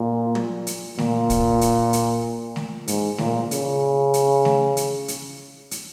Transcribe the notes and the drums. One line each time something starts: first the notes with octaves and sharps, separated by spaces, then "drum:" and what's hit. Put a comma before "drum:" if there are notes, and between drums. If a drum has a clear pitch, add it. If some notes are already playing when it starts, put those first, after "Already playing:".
Already playing: A#2
drum: tom
drum: hi-hat
A#2, drum: snare A3
drum: kick, hi-hat
drum: hi-hat
drum: hi-hat
drum: snare A3
G#2, drum: hi-hat
A#2, drum: snare A3
C#3, drum: hi-hat
drum: hi-hat
drum: snare A3
drum: hi-hat
drum: hi-hat
drum: hi-hat